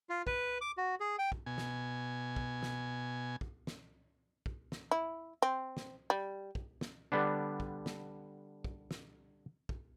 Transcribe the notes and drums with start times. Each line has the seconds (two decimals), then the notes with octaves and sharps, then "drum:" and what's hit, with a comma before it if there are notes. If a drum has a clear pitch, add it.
0.09 F4
0.27 B4, drum: kick
0.61 D6
0.77 F#4
1.00 G#4
1.19 G5
1.32 drum: kick
1.46 B2 G#5
1.58 drum: snare
2.36 drum: kick
2.63 drum: snare
3.41 drum: kick
3.67 drum: snare
4.46 drum: kick
4.72 drum: snare
4.91 E4
5.42 C4
5.77 drum: snare
6.10 G3
6.55 drum: kick
6.81 drum: snare
7.12 D3 G3 B3 D4
7.60 drum: kick
7.86 drum: snare
8.64 drum: kick
8.91 drum: snare
9.69 drum: kick